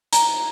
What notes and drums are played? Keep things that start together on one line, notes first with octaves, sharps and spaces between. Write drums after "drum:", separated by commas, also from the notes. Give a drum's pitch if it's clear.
A#5, drum: hi-hat